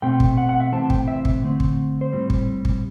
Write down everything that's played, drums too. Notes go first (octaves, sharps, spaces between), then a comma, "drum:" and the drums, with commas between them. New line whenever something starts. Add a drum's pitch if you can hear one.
B2 A3 C4 G5
drum: kick
F#5
F#5
E5
C3 E3 A3 C4 A5
G5, drum: kick
E5
drum: kick
D3 A3 C4
drum: kick
C5
A2 G3 C4
drum: kick
drum: kick